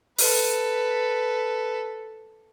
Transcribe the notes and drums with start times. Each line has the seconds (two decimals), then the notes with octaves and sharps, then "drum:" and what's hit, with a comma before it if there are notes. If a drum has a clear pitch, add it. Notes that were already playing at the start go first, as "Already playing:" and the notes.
0.19 A4 B4, drum: open hi-hat